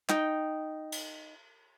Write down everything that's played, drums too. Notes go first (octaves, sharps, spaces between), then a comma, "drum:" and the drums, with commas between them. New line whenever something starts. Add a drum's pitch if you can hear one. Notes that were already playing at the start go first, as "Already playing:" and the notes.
D#4 G5, drum: clap
drum: cymbal